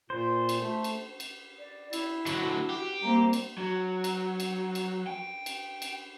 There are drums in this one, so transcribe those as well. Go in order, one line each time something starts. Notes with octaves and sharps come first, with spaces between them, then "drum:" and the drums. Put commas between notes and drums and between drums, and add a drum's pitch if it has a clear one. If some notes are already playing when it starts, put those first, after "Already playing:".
A#2 C5
drum: cymbal
A3
drum: cymbal
drum: cymbal
D5
E4, drum: cymbal
D3 F#3 F#4, drum: cymbal
G4
G3 A#3 C4 A#5
drum: cymbal
F#3
drum: cymbal
drum: cymbal
drum: cymbal
G5
drum: cymbal
drum: cymbal